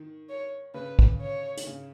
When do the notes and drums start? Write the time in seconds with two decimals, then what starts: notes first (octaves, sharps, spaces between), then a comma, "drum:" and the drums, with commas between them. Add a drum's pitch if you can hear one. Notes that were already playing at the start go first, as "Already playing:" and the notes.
Already playing: D#3
0.29 C#5
0.74 C#3 B4
0.99 drum: kick
1.21 C#5
1.57 D#3, drum: hi-hat
1.67 C#3